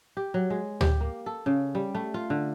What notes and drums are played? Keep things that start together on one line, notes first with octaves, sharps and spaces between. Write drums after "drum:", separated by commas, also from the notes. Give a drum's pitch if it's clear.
G4
F#3
G#3
G4, drum: tom D2
A#3
A4
C#3
G3
A3
F4
D3